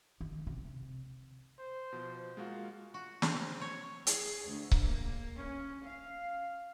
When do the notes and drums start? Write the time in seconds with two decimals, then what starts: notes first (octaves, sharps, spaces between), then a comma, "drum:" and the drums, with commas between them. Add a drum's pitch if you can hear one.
0.21 D#3
0.47 C3
1.59 C5
1.93 B2 F3
2.37 G#3 A#3 F4 F#4
2.94 F#4
3.22 C4, drum: snare
3.61 C#5
4.07 G#4, drum: hi-hat
4.47 D2
4.71 drum: kick C#1
4.84 A#3
5.36 C#4
5.84 F5